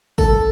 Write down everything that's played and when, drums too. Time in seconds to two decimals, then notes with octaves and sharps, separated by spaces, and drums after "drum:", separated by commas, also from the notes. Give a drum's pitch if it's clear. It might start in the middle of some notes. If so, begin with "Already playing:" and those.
0.18 A4, drum: kick